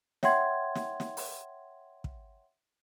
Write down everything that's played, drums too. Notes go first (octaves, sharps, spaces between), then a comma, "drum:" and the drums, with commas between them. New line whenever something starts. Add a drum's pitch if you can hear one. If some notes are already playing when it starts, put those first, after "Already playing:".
C#5 E5 F#5 G5 C6 G#6, drum: snare
drum: snare
drum: snare
drum: open hi-hat
drum: kick